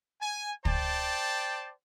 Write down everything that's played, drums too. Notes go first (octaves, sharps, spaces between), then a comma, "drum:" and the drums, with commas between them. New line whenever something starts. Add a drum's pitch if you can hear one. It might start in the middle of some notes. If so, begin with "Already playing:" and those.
G#5
C5 D5 G5 A5, drum: kick